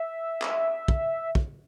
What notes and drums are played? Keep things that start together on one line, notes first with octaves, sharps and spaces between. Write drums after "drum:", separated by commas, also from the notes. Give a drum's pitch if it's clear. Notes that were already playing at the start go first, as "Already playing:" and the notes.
Already playing: E5
drum: clap
drum: kick
drum: kick